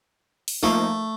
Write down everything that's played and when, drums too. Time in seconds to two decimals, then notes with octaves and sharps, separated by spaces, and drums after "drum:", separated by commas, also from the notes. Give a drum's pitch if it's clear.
0.48 drum: open hi-hat
0.63 F3 A3 A#3 D#4